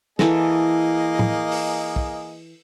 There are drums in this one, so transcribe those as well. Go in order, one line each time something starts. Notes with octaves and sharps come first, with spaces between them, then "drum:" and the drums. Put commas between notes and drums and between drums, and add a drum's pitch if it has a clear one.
E3 A#3 G#4 A4 D#5, drum: snare
drum: tom A2
drum: open hi-hat
drum: kick